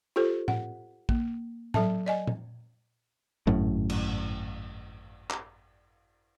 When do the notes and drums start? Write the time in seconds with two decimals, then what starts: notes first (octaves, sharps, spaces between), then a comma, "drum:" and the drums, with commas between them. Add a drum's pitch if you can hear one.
0.16 F4 G4 A4 C5
0.48 F#5, drum: tom A2
1.09 A#3, drum: kick
1.74 F#3 A4 E5 A5, drum: tom A2
2.06 D5 D#5 G#5
2.27 drum: tom
3.47 G#1 F#2 A2
3.90 drum: cymbal
5.31 drum: clap